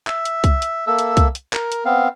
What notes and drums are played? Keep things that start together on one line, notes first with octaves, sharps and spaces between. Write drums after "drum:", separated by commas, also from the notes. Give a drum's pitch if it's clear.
E5, drum: clap
drum: hi-hat
drum: kick C2, hi-hat
drum: hi-hat
A#3 A4 E5 E6
drum: hi-hat
drum: kick C2, hi-hat
drum: hi-hat
A#4, drum: clap
drum: hi-hat
B3 C4 F5